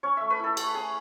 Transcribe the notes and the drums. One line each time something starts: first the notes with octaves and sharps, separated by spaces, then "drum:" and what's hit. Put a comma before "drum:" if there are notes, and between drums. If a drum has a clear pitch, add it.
C#4 C#5
A3 E5
B4
E4 A4
A3, drum: cymbal
C#4 G#4